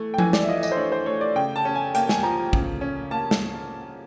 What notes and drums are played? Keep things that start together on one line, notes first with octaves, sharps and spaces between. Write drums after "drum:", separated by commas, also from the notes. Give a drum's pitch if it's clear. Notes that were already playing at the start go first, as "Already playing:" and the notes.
Already playing: E3 A3
G5
E3 G#5, drum: tom F3
D5, drum: snare
E5
F4 D#5
D#5, drum: tambourine
C5
D4 C#5
C5
A3 C#5
D5
C#3 G5
A5
C#4
G#5
A#3 G5, drum: hi-hat
G#5, drum: snare
F3 A#5
C#3, drum: kick
C#4
A#3 A5
drum: snare